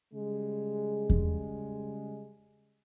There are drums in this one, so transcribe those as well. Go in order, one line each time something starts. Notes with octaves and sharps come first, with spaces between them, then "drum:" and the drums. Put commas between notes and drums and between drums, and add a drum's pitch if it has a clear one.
C#3 G3 G#3
drum: kick E2